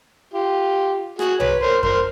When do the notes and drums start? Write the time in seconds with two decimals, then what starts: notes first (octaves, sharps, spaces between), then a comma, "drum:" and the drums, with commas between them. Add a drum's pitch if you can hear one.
0.33 F4 G4
1.19 F#4 G#4, drum: rim click
1.40 B4 C#5, drum: tom
1.62 A#4 C5
1.83 A#4 C5, drum: kick F2